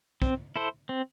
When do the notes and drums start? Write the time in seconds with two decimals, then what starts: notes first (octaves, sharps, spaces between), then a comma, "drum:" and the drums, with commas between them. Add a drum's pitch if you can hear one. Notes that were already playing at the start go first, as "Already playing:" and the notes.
0.22 C4, drum: kick
0.56 E4 A4 C5
0.89 C4